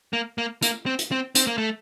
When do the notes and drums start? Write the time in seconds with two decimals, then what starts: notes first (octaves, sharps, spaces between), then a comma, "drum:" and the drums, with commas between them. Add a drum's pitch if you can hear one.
0.13 A#3
0.38 A#3
0.62 A#3, drum: hi-hat
0.86 C4
0.99 drum: hi-hat
1.12 C4
1.35 C4, drum: hi-hat
1.47 A#3
1.58 A3